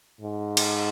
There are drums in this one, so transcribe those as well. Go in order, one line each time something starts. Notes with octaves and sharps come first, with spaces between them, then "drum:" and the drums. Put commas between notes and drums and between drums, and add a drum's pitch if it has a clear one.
G#2
drum: cymbal